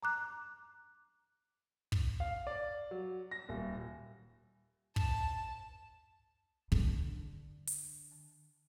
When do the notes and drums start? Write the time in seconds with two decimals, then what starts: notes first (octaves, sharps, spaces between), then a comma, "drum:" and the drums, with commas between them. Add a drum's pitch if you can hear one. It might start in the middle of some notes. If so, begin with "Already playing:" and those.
0.03 A#5 D6 F#6
1.92 drum: kick
2.20 F5
2.47 D5
2.91 F#3
3.31 A#6
3.49 D#1
4.96 A5, drum: kick
6.72 D3 D4, drum: kick
7.67 drum: hi-hat